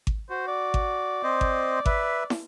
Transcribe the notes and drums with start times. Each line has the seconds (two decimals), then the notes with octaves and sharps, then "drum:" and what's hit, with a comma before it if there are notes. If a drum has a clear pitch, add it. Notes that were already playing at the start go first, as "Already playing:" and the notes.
0.07 drum: kick G#1
0.30 F#4 C5
0.47 D5
0.74 drum: kick G#1
1.23 C4 C5 D#5
1.41 drum: kick G#1
1.86 B4 E5, drum: kick G#1
2.30 drum: snare